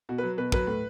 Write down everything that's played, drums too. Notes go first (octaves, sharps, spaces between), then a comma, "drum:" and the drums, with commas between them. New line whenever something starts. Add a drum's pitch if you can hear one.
B2 F#4
F#3 B4
B2 B4
F#3 B4, drum: kick
A2